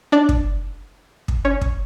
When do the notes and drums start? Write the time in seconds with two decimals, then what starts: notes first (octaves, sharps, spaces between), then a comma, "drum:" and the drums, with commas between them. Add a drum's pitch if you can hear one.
0.12 D4 D5
0.29 drum: kick
1.28 drum: kick
1.45 C#4 C#5
1.61 drum: kick